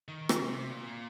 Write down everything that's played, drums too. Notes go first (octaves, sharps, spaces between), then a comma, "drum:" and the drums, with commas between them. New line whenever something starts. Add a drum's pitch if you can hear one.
D#3
drum: rim click
C3
A#2